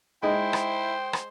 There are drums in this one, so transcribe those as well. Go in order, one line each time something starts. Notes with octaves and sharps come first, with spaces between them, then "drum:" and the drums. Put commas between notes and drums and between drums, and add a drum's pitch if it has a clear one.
G#3 D#4 E4 C5 G5
drum: rim click
drum: rim click